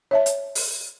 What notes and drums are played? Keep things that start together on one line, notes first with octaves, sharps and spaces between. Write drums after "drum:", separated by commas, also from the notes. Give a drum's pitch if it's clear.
C#5 E5 A5
drum: hi-hat
drum: open hi-hat